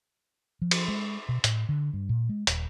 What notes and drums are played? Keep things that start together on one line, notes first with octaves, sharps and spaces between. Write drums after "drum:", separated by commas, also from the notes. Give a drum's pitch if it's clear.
F3
drum: cymbal
G#3
B2
A2, drum: hi-hat
D3
G2
A#2
G#3
D#1, drum: hi-hat